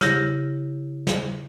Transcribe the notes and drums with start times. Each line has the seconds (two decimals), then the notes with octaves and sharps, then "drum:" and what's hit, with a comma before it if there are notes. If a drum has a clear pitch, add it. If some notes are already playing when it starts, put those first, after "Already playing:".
0.01 C#3 E4 G4 A#6, drum: snare
1.07 drum: snare